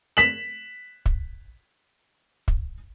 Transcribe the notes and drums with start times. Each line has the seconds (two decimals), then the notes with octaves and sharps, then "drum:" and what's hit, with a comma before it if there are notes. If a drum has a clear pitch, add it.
0.17 B6 E7 F#7
1.06 drum: kick
2.48 drum: kick